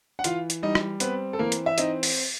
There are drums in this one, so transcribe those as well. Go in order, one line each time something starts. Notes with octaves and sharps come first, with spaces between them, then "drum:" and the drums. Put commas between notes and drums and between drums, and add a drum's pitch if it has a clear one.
F#5
E3 F4 F5, drum: hi-hat
drum: hi-hat
G3 D#4 D#5
drum: rim click
B3 C4 B4, drum: hi-hat
A4
E3 A#3 A#4
drum: hi-hat
E5
C4 D#4 D#5, drum: hi-hat
drum: open hi-hat